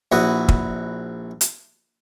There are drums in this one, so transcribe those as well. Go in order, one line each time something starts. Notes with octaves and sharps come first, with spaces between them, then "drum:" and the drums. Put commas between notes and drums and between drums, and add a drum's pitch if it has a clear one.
A#1 E4 F#4 B4 D#6
drum: kick
drum: hi-hat